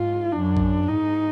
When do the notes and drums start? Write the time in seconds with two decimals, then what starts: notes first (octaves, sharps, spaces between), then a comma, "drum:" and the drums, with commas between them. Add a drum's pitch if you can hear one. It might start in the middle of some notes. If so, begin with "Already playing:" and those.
Already playing: G#2 F4
0.32 F#2 D4
0.57 drum: kick
0.88 G#2 D#4